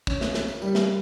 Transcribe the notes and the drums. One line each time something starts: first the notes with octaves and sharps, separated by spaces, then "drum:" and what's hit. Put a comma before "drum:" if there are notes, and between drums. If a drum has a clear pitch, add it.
C#4, drum: kick, tambourine
drum: snare
A#3, drum: snare
drum: tambourine
G3, drum: tambourine
drum: snare